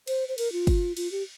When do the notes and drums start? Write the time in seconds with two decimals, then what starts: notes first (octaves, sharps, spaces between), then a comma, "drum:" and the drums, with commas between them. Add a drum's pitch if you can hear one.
0.07 C5, drum: cymbal
0.29 C5
0.38 A#4, drum: cymbal
0.52 F4
0.67 drum: kick, cymbal
0.97 F4, drum: cymbal
1.12 G4